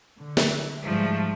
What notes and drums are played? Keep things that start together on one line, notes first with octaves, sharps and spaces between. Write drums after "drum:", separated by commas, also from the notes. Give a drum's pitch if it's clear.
D3
drum: snare
G#2 F3 G3 A3